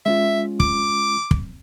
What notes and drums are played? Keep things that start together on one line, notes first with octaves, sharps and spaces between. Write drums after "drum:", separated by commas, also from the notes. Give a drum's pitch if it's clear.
G#3 C#4 F4 E5
D6, drum: kick
drum: kick